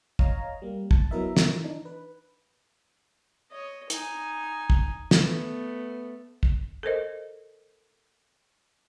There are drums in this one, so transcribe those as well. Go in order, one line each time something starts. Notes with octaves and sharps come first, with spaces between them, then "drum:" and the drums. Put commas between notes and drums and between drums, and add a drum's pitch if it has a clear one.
C#5 D#5 F5 A#5, drum: kick
G3 A#3
A5, drum: kick
F#3 B3 E4 A#4 D#5 E5
drum: snare
E3 D4 D#4
B4
C#5 D#5
D#4 G#5, drum: hi-hat
drum: kick
A3 B3, drum: snare
drum: kick
A4 A#4 C5 D#5